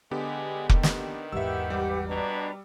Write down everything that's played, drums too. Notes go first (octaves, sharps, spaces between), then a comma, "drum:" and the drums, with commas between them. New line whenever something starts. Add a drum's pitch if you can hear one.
D3 G#3 B3 G4
D#3 A#3, drum: kick F1
drum: snare
G#1 E2 G4 B4 E5 F#5 E6
G3 D6
B2 D4 B4 A#5